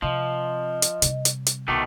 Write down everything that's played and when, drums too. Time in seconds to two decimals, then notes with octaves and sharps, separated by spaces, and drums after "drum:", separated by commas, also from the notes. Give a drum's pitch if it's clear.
0.02 C3 F3 D#5
0.82 drum: hi-hat
1.02 C3 G3, drum: hi-hat
1.25 drum: hi-hat
1.46 drum: hi-hat
1.68 C2 B2 D#3 A3 D6